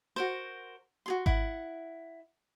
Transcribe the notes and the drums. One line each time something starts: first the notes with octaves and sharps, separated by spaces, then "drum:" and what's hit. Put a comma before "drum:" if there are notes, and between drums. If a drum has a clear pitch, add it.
F#4 A#4 C5
F#4 G#4 C6
E4 F#5, drum: kick G#1